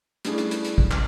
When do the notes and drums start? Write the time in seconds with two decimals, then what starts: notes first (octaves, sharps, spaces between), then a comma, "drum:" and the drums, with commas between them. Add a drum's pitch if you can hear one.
0.25 G3 A3 C#4 D4 E4 G#4, drum: hi-hat
0.38 drum: hi-hat
0.51 drum: hi-hat
0.65 drum: hi-hat
0.78 drum: kick
0.91 drum: clap